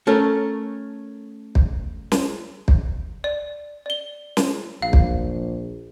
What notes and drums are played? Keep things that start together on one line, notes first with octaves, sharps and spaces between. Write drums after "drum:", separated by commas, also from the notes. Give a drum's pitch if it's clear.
A3 C#4 A4 A#4
drum: kick
drum: snare
drum: kick
D5
D5 G7
drum: snare
A#1 F5
drum: kick